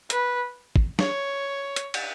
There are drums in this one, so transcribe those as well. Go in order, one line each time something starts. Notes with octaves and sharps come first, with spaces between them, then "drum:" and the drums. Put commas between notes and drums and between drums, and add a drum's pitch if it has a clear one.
B4, drum: hi-hat
drum: kick
C#5, drum: snare
drum: hi-hat
drum: cymbal